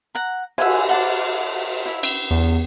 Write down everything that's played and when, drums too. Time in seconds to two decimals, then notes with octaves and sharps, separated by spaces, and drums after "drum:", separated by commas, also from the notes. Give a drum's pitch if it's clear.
0.15 F#5 A#5
0.58 E5 F#5 G#5, drum: cymbal
0.89 F#5 A5 D6
1.86 E4 E5
2.03 drum: cymbal
2.30 E2